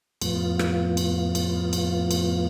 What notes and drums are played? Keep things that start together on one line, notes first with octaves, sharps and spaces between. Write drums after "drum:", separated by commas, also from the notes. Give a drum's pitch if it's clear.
F2 A2 B3 F4, drum: cymbal
drum: rim click
drum: cymbal
drum: cymbal
drum: cymbal
drum: cymbal